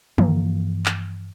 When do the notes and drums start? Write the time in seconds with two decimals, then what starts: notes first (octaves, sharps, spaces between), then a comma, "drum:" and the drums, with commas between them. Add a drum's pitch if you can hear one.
0.18 G2 E3 F3 A#3, drum: tom
0.86 drum: clap